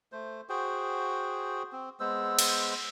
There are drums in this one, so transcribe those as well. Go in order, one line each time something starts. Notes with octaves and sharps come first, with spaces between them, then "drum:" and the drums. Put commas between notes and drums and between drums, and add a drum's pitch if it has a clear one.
A3 C5
F#4 G#4 C5 G5
C4
G#3 B3 C5 E6
drum: cymbal